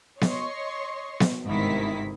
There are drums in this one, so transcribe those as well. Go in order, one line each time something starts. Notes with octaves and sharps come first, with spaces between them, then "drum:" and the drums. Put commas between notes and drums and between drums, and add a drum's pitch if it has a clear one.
C#5 D#5 C6 C#6, drum: snare B3
drum: snare B3
G1 G#2 C3 D#3 E4 B6